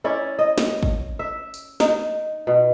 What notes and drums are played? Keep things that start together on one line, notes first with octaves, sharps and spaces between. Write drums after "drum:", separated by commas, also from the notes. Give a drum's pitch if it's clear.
C#4 E4 D5
D#5
drum: snare
drum: kick
E5
drum: tambourine
D#4, drum: snare
B2